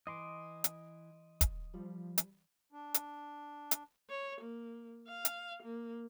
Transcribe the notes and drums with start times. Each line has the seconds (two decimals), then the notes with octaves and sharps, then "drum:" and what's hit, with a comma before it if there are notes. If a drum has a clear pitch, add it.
0.07 E3 D#5 C6 D6
0.64 drum: hi-hat
1.41 drum: kick, hi-hat
1.74 F3 G3
2.18 drum: hi-hat
2.72 D4
2.94 drum: hi-hat
3.71 drum: hi-hat
4.10 C#5
4.41 A#3
5.08 F5
5.25 drum: hi-hat
5.63 A#3